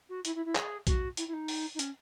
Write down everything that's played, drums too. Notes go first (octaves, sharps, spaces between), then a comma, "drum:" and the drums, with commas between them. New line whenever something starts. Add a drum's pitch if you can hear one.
F#4
E4, drum: hi-hat
E4
E4
G#4, drum: clap
F#4, drum: kick A#1, hi-hat
E4, drum: hi-hat
E4
D#4
drum: open hi-hat
D#4
C#4, drum: hi-hat